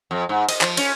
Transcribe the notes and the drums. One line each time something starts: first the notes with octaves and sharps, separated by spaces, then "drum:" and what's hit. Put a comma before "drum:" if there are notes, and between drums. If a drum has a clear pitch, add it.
F2
G#2
D#5, drum: cymbal
F3, drum: clap
C#4, drum: cymbal